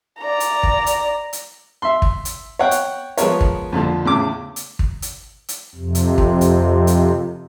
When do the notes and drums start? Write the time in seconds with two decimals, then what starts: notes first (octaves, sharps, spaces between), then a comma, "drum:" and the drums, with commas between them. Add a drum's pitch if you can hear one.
0.20 D5 A#5
0.40 drum: hi-hat
0.63 drum: kick
0.86 drum: hi-hat
1.33 drum: hi-hat
1.82 E5 C6
2.02 drum: kick
2.25 drum: hi-hat
2.59 C#5 F#5 G5
2.71 drum: hi-hat
3.17 F3 G#3 B3 A#4 B4 C#5, drum: hi-hat
3.41 drum: kick
3.73 F2 A#2 D3 F3
4.05 E2 A2 C#3 D6
4.56 drum: hi-hat
4.79 drum: kick
5.02 drum: hi-hat
5.49 drum: hi-hat
5.75 F2 C3
5.95 drum: hi-hat
6.18 drum: kick
6.41 drum: hi-hat
6.87 drum: hi-hat